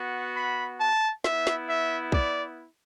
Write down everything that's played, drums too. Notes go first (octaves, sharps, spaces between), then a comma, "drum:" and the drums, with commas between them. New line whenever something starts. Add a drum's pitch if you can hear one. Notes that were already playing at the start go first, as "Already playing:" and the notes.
Already playing: B3 F#4
B5
A5
B3 E4 E5, drum: snare
drum: snare
E5
D5, drum: kick